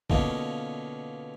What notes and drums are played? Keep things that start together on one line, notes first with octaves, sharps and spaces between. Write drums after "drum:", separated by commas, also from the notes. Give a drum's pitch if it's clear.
B2 D3 A#3 C#4 D#4 F4, drum: kick